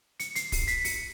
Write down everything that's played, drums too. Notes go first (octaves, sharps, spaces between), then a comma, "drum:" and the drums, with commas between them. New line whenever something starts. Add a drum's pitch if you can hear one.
C#7, drum: hi-hat
C7, drum: hi-hat
C7, drum: kick, open hi-hat
B6, drum: hi-hat
C#7, drum: open hi-hat